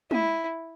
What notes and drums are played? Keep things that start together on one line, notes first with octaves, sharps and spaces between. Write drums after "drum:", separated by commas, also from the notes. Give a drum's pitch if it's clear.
E4, drum: tom G#3